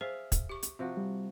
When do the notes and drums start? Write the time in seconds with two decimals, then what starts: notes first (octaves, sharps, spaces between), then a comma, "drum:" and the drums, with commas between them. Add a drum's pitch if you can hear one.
0.01 G#4 C5 E5 F5
0.32 drum: kick, hi-hat
0.49 G4 C#6
0.63 drum: hi-hat
0.79 C3 F3 F#4
0.97 G3